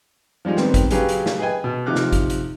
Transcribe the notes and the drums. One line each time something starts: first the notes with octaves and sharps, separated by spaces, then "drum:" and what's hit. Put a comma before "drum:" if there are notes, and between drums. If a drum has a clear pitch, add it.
F3 G3 G#3 D#4
D#3 G3 B3 C4, drum: snare
drum: kick G#1, hi-hat
C#3 F#3 C#4 G4 G#4 B4, drum: hi-hat
drum: hi-hat
drum: snare
G#4 B4 D#5 G5 G#5
B2
C3 F3 D#4 D6 F6 F#6
drum: snare
drum: kick G#1, hi-hat
drum: hi-hat